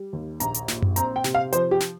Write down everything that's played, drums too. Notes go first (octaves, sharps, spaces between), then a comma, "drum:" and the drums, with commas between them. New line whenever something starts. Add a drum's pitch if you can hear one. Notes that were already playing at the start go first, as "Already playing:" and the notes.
Already playing: G3
D#2
A#1 A#5, drum: hi-hat
drum: hi-hat
A#2, drum: snare
drum: tom F#2
C4 A#5, drum: hi-hat
G5
C3, drum: snare
F5
F3 C5, drum: hi-hat
G4
drum: snare